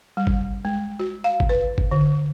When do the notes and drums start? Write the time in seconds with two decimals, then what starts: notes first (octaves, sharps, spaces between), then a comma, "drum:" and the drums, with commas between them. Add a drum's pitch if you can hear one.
0.17 G3
0.27 drum: kick G1
0.65 G#3
0.99 F#4
1.24 F5
1.40 drum: kick G1
1.49 B4
1.78 drum: kick G1
1.91 D3